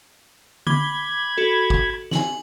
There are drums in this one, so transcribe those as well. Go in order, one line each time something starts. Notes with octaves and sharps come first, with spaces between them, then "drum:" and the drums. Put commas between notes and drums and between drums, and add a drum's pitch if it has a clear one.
B5 D6 G#6 G7, drum: tom
F#4 A4
drum: kick
G#5 F#7, drum: snare